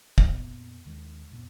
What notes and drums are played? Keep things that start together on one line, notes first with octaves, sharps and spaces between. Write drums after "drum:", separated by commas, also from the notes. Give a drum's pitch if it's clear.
F2 A#2 B3, drum: kick
D#2 D#3 G#3
F2 A#2 B3